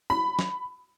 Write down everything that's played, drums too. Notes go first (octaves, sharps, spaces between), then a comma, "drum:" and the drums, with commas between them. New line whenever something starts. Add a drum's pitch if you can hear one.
B5
drum: snare